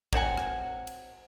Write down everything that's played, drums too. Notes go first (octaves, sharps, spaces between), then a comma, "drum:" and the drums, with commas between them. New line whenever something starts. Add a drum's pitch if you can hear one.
F#3 C4 F#5 G#5, drum: kick
drum: rim click
drum: cymbal